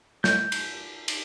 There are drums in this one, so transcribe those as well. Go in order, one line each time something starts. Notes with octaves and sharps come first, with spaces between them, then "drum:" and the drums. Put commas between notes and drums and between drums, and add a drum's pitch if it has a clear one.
G6, drum: snare
drum: cymbal
drum: cymbal